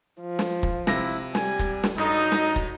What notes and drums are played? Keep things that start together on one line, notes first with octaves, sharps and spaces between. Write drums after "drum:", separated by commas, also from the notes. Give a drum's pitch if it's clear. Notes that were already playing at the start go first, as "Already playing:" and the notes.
F3
drum: snare
drum: kick
C3 E4 A#6, drum: snare
G3 G#5, drum: snare
drum: kick, hi-hat
drum: snare
G2 F#3 D#4 A4 D#5
drum: snare
drum: kick, hi-hat